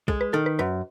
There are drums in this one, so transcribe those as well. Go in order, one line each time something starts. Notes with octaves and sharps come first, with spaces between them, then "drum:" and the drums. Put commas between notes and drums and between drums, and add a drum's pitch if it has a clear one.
G#3 A4, drum: kick
B4
D#3 A4
B4
F#2 B4